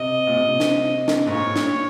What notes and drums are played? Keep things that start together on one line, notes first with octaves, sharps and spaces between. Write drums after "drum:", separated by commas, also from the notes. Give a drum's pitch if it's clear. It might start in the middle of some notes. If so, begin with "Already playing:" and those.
Already playing: C3 D#5
A#2
C3
drum: snare
drum: snare
G#2
A#2 C#5
drum: snare